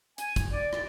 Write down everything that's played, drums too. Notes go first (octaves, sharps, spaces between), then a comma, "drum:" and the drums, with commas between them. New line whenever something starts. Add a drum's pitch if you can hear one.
G#5, drum: hi-hat
drum: kick, hi-hat
D5
drum: rim click